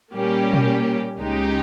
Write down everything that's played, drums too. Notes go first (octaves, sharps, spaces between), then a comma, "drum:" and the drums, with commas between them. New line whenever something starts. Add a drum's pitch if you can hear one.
A#2 G3 A#3 C#4 G4
drum: tom B2
C#2 C#3 G#3 D#4 G4